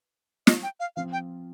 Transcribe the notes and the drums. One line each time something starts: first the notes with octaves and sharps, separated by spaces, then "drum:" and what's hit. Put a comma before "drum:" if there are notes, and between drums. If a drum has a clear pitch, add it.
D#5, drum: snare
G5
F5
F3 C4 F4 F5
G5